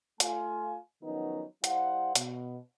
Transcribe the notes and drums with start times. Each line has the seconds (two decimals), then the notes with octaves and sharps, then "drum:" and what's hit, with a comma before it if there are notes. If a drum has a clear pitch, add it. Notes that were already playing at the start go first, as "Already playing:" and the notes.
0.20 A3 F4 G#5, drum: hi-hat
1.03 D#3 F3 F#3 B3 C#4 D#4
1.64 G3 E4 C5 F5 F#5, drum: hi-hat
2.15 B2, drum: hi-hat